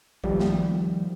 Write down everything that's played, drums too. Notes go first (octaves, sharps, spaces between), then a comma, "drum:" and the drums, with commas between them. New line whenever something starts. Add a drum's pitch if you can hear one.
D#3 F3 G3, drum: kick
drum: snare A3